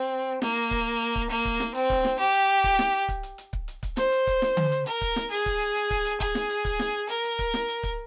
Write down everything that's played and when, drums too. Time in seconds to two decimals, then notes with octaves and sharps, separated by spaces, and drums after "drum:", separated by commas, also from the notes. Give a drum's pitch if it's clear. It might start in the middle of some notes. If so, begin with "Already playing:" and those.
Already playing: C4
0.42 A#3, drum: snare
0.56 drum: hi-hat
0.71 drum: kick C#1, hi-hat
1.01 drum: hi-hat
1.16 drum: kick C#1
1.30 A#3, drum: hi-hat
1.45 drum: kick C#1, hi-hat
1.60 drum: snare
1.75 C4, drum: hi-hat
1.90 drum: kick C#1
2.05 drum: snare
2.19 G4
2.34 drum: hi-hat
2.49 drum: hi-hat
2.64 drum: kick C#1
2.79 drum: snare
2.94 drum: hi-hat
3.08 drum: kick C#1, hi-hat
3.23 drum: hi-hat
3.38 drum: hi-hat
3.53 drum: kick C#1
3.68 drum: hi-hat
3.83 drum: kick C#1, hi-hat
3.97 C5, drum: snare
4.12 drum: hi-hat
4.27 drum: kick C#1, hi-hat
4.42 drum: snare
4.57 drum: tom D3
4.72 drum: hi-hat
4.86 A#4, drum: hi-hat
5.01 drum: kick C#1, hi-hat
5.16 drum: snare
5.31 G#4, drum: hi-hat
5.46 drum: kick C#1, hi-hat
5.61 drum: hi-hat
5.76 drum: hi-hat
5.90 drum: kick C#1
6.05 drum: hi-hat
6.20 G#4, drum: kick C#1, hi-hat
6.35 drum: snare
6.50 drum: hi-hat
6.65 drum: kick C#1, hi-hat
6.79 drum: snare
7.09 A#4, drum: hi-hat
7.24 drum: hi-hat
7.39 drum: kick C#1, hi-hat
7.54 drum: snare
7.69 drum: hi-hat
7.83 drum: kick C#1, hi-hat